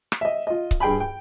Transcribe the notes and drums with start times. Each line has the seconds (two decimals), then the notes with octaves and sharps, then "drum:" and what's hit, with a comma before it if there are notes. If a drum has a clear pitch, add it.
0.12 drum: rim click
0.21 D#5 E5
0.47 F4 D#5
0.71 drum: kick C#1
0.80 G2 G#4 G5 G#5 B5
1.00 G5